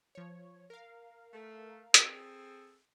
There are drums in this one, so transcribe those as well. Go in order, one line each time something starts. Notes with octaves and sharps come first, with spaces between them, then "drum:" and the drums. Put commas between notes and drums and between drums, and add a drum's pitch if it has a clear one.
F3 C#5
A#4 F5
A3
C4 G#4 A4, drum: hi-hat